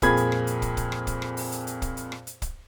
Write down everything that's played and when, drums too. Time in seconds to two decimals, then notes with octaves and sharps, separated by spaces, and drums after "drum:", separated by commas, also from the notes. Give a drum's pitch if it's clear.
0.02 F2 A#2 G#4 B5 G#6, drum: kick, hi-hat
0.17 drum: hi-hat
0.32 drum: rim click
0.47 drum: hi-hat
0.62 drum: kick, hi-hat
0.77 drum: kick, hi-hat
0.92 drum: rim click
1.07 drum: kick, hi-hat
1.22 drum: rim click
1.37 drum: open hi-hat
1.52 drum: hi-hat
1.67 drum: hi-hat
1.82 drum: kick, hi-hat
1.97 drum: hi-hat
2.12 drum: rim click
2.27 drum: hi-hat
2.42 drum: kick, hi-hat